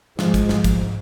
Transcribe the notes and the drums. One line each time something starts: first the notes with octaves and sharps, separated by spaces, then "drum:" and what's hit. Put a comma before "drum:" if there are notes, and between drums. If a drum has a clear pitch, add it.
G#2 F3 G#3, drum: snare
drum: kick, hi-hat
drum: snare
drum: kick, hi-hat